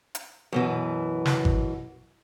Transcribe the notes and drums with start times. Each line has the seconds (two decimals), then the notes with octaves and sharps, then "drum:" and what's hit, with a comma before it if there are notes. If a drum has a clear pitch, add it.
0.15 drum: hi-hat
0.52 F#2 B2 E3
1.25 drum: snare
1.45 drum: kick G#1